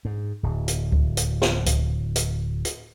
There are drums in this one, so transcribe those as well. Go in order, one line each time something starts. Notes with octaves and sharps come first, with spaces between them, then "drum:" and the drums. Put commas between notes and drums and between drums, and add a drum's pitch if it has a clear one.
G#2
D1
drum: hi-hat
drum: kick C#2
drum: hi-hat
drum: snare
drum: kick C#2, hi-hat
drum: hi-hat
drum: hi-hat